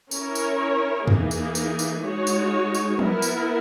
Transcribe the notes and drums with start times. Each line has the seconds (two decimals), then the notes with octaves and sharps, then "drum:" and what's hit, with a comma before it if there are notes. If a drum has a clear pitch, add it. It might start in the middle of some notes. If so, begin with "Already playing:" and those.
0.11 C#4 E4 A#4 C#5, drum: tambourine
0.35 drum: tambourine
1.07 E3 A#3 D#4 G#4, drum: tom E2
1.31 drum: tambourine
1.55 drum: tambourine
1.79 drum: tambourine
2.03 G#3 D#4 F#4 C#5
2.27 drum: tambourine
2.74 drum: tambourine
2.99 B3 E4 A#4, drum: tom F3
3.22 drum: tambourine